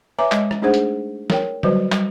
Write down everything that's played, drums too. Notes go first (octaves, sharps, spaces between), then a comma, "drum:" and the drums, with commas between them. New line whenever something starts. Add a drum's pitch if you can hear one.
B4 C#5 E5 G#5 A#5 D6
G#3 D#5, drum: clap
drum: rim click
A3 D4 D#4 G#4 C5 F#5
drum: hi-hat
A#4 C#5 G5, drum: snare
F#3 G3 F#4 B4 C5 D5, drum: tom D3
G3, drum: clap